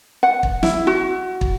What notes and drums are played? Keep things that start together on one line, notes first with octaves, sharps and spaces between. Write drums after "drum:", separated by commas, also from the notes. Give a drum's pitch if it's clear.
F#5
drum: kick
E4, drum: snare
F#4
drum: kick